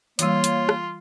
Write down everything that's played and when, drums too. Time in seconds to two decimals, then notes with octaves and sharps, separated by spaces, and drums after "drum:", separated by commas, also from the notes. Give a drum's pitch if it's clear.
0.19 E3 G3 A#3 F4 C#5, drum: hi-hat
0.44 drum: hi-hat
0.69 drum: rim click